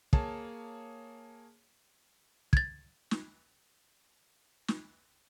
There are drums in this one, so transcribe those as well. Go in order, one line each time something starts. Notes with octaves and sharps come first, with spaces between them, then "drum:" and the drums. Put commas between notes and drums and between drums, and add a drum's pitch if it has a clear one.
A#3 G#4 C#5 A5, drum: kick
G#6 A6, drum: kick
drum: snare
drum: snare